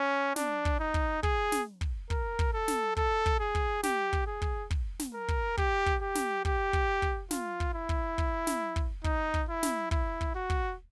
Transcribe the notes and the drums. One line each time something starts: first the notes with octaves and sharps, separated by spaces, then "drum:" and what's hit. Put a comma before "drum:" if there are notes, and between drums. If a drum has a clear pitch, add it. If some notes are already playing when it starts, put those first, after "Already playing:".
Already playing: C#4
D4, drum: snare
drum: kick
D#4
drum: kick
G#4, drum: kick
drum: snare
drum: kick
A#4, drum: kick
drum: kick
A4
drum: snare
A4, drum: kick
drum: kick
G#4
drum: kick
G4, drum: snare
drum: kick
G#4
drum: kick
drum: kick
drum: snare
A#4
drum: kick
G4, drum: kick
drum: kick
G4
drum: snare
G4, drum: kick
drum: kick
drum: kick
F4, drum: snare
drum: kick
E4
drum: kick
drum: kick
drum: snare
drum: kick
D#4, drum: kick
drum: kick
E4
drum: snare
E4, drum: kick
drum: kick
F#4
drum: kick